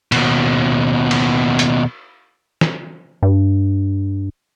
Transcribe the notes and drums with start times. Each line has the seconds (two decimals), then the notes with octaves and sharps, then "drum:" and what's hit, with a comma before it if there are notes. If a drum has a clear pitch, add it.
0.12 D#2 B2, drum: cymbal
1.11 drum: cymbal
1.59 drum: hi-hat
2.61 drum: snare
3.23 G2